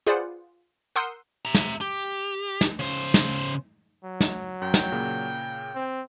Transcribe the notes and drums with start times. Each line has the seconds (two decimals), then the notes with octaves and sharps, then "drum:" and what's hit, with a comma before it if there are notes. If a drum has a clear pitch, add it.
0.07 F4 G#4 B4 C5 D5 F#5
0.96 A#4 F#5 C6 D#6 E6 G6
1.45 E5 A#5
1.55 drum: snare
1.81 G4
2.61 drum: snare
2.79 C#3 C5
3.14 drum: snare
4.05 F#3
4.21 drum: snare
4.62 F#2 G5
4.74 drum: snare
4.92 A#2 C#3 A#3
5.75 C4